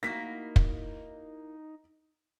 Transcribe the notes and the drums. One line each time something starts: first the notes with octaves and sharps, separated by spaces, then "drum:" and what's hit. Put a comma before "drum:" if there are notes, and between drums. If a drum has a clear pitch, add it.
A#3 D#4 E4 F#4 A#6 B6
drum: kick